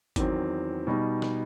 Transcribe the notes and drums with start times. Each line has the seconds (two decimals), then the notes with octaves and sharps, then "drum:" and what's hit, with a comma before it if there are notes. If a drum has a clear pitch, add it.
0.16 E2 D#3 F#3 C4, drum: kick G#1, hi-hat
0.87 B2 G3 D#4
1.22 drum: snare